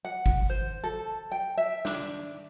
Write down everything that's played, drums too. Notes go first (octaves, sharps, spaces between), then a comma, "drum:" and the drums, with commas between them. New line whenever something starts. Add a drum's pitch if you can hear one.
F#5
drum: kick
C5
A4
G5
E5
D4, drum: snare